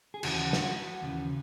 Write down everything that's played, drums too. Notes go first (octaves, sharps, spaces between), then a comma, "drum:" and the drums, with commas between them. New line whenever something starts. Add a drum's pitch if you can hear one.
G#4
D#2 C#3 E3 F#4, drum: cymbal
drum: snare
F#4
D#2 C#3 E3